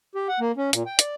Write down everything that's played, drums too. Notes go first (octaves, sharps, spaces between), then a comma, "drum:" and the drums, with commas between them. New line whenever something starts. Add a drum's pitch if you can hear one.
G4
F#5
A#3
C#4
A#2, drum: hi-hat
G5
D5, drum: hi-hat